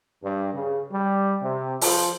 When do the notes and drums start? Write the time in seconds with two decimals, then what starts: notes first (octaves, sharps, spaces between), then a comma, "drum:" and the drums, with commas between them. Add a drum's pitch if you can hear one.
0.23 G2
0.52 C#3
0.91 G3
1.40 C3
1.81 F3, drum: open hi-hat